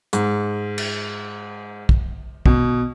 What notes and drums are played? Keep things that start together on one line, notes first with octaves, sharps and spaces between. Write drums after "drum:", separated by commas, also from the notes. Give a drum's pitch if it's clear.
G#2, drum: hi-hat
drum: cymbal
drum: kick
B2, drum: kick